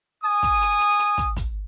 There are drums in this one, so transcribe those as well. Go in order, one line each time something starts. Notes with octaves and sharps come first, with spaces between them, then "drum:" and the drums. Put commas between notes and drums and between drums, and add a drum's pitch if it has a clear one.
G#5 D#6
drum: kick, hi-hat
drum: hi-hat
drum: hi-hat
drum: hi-hat
drum: kick, hi-hat
drum: kick, hi-hat